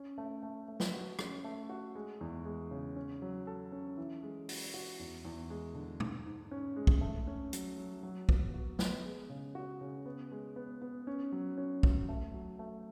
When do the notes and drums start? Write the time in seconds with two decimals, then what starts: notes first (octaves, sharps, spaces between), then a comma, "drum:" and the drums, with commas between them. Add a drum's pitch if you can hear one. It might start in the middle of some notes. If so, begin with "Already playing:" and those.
Already playing: C#4
0.18 A3
0.43 A3
0.68 A3
0.80 drum: snare
0.94 F#4
1.19 C#4, drum: rim click
1.44 A3
1.69 F#4
1.95 G#3
2.21 E2
2.45 G#3
2.71 C#3
2.96 C#4
3.22 F#3
3.47 A4
3.72 C#4
3.98 E3
4.23 G#3
4.49 F#4, drum: open hi-hat
4.74 F#4
4.99 E2
5.25 E2
5.50 G#3
5.75 D3
6.00 G#2, drum: tom
6.26 G#2
6.51 C#4
6.76 G#3
6.87 drum: kick
7.01 A3
7.27 C#4
7.53 F#3, drum: hi-hat
7.78 F#3
8.03 F#3
8.29 B3, drum: kick
8.54 F#4
8.79 B3, drum: snare
9.05 G#3
9.30 C#3
9.55 F#4
9.81 C#3
10.06 B3
10.32 G#3
10.56 B3
10.82 B3
11.07 C#4
11.32 F#3
11.58 C#4
11.83 F#3, drum: kick
12.09 A3
12.34 F#3
12.59 A3